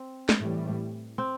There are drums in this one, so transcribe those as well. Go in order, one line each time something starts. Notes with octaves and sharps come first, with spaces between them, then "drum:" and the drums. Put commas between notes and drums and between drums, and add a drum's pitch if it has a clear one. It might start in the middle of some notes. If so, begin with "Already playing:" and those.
Already playing: C4
drum: snare
A2 E3 G3
C4